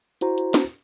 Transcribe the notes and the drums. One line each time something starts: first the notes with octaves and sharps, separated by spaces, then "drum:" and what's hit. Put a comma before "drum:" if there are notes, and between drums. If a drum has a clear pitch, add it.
E4 F#4 C5 A#5, drum: hi-hat
drum: hi-hat
drum: snare